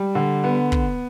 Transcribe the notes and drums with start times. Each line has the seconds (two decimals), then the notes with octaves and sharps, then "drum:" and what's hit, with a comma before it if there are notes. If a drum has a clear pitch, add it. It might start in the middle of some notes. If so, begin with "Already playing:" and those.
Already playing: G3
0.15 D3
0.44 B3
0.72 drum: kick